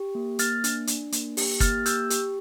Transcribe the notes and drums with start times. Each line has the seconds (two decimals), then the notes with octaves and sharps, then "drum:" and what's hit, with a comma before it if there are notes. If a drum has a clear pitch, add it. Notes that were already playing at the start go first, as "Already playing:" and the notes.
Already playing: G4
0.15 A#3
0.39 A#3 F6 A6, drum: hi-hat
0.64 D4, drum: hi-hat
0.87 D4, drum: hi-hat
1.12 A#3, drum: hi-hat
1.37 G4, drum: open hi-hat
1.60 A#3 F6 A6, drum: kick, hi-hat
1.86 G4 E6 G6, drum: hi-hat
2.10 G4, drum: hi-hat